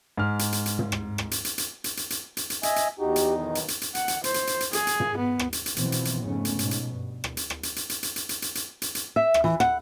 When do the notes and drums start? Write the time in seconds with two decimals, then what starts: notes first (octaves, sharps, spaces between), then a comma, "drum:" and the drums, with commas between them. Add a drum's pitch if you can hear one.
0.18 G#2 F6
0.39 drum: hi-hat
0.52 drum: hi-hat
0.66 drum: hi-hat
0.79 drum: tom
0.92 drum: rim click
1.18 drum: rim click
1.31 drum: hi-hat
1.45 drum: hi-hat
1.58 drum: hi-hat
1.84 drum: hi-hat
1.97 drum: hi-hat
2.10 drum: hi-hat
2.37 drum: hi-hat
2.50 drum: hi-hat
2.63 D#5 E5 G#5, drum: hi-hat
2.76 drum: hi-hat
2.99 E2 D#4 F#4 G4
3.16 drum: hi-hat
3.37 B1 D#3
3.55 drum: hi-hat
3.68 drum: hi-hat
3.81 drum: hi-hat
3.95 F#5, drum: hi-hat
4.08 drum: hi-hat
4.24 C5, drum: hi-hat
4.34 drum: hi-hat
4.47 drum: hi-hat
4.60 drum: hi-hat
4.73 G#4, drum: hi-hat
4.87 drum: hi-hat
5.00 drum: tom
5.17 B3
5.39 drum: rim click
5.53 drum: hi-hat
5.66 drum: hi-hat
5.76 B2 E3 F3 B3 C4, drum: hi-hat
5.92 drum: hi-hat
6.05 drum: hi-hat
6.23 F2 G#2 C#3 A3 B3 C#4
6.45 drum: hi-hat
6.59 G#2 B2, drum: hi-hat
6.71 drum: hi-hat
6.90 G2
7.24 drum: rim click
7.37 drum: hi-hat
7.50 drum: rim click
7.63 drum: hi-hat
7.76 drum: hi-hat
7.89 drum: hi-hat
8.03 drum: hi-hat
8.16 drum: hi-hat
8.29 drum: hi-hat
8.42 drum: hi-hat
8.55 drum: hi-hat
8.82 drum: hi-hat
8.95 drum: hi-hat
9.16 E5
9.34 drum: rim click
9.44 E3
9.60 F#5, drum: rim click